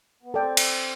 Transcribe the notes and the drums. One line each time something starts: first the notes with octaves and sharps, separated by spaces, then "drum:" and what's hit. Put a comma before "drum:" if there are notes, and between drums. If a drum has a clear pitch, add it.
B3
C4 A4 D5 G5
drum: cymbal